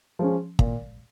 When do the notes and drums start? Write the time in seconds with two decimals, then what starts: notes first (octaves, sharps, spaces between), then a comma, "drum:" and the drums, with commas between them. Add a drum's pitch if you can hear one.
0.19 F3 G#3 C#4
0.59 A#2, drum: kick